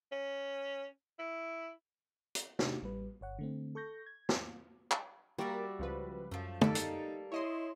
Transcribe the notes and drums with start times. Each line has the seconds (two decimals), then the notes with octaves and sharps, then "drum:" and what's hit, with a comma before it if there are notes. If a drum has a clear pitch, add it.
0.12 C#4
1.19 E4
2.35 drum: hi-hat
2.59 C3 A3 D4 D#4 F#4 G4, drum: snare
2.82 A1 G3 B4
3.21 G1 C#5 F#5
3.39 D3 A3 C4
3.75 A4 C#6 G6 A#6
4.06 G#6
4.29 drum: snare
4.91 drum: clap
5.39 G3 A#3 F#4 A#4 D5 E5
5.79 C#2 F3 B4
6.31 F#2 F3 A3
6.61 G3 A#3 D#4 A4, drum: tom
6.75 drum: hi-hat
7.32 E4 C#5 D#5 C6